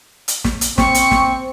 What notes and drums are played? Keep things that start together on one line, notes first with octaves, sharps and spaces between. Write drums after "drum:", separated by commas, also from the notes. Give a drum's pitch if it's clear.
drum: hi-hat
drum: snare
drum: hi-hat
C4 C#6, drum: snare
drum: hi-hat
drum: snare